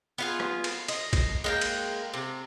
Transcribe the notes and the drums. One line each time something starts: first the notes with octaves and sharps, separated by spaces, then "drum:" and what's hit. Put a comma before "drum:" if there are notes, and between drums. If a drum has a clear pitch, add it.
B3 F4 G#4
drum: rim click
drum: cymbal
D#5, drum: cymbal
drum: kick A#1, cymbal
G#3 A#3 G5
drum: cymbal
C3